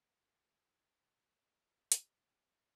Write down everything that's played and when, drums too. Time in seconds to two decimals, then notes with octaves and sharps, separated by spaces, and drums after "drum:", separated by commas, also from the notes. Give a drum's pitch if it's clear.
0.22 F5
1.03 D5 C6 D#6 F#6
1.92 A2 D#3 G#3, drum: hi-hat